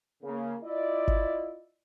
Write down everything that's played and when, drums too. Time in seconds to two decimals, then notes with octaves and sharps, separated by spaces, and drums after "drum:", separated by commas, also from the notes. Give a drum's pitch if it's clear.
0.23 C#3 A#3
0.64 E4 F4 D5 D#5
1.08 drum: kick G1